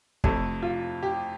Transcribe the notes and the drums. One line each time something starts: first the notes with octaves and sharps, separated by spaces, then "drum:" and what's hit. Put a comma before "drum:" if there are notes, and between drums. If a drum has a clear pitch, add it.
F2 C3 A3 A4, drum: kick
F4
G4